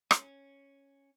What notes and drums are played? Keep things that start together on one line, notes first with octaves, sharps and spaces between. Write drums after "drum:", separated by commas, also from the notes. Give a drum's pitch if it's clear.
C#4, drum: rim click